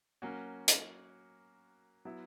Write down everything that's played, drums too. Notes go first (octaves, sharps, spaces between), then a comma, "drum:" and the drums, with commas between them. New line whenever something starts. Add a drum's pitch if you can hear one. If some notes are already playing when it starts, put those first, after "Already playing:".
F#3 A#3 C#4 F#4
drum: hi-hat
F#3 B3 E4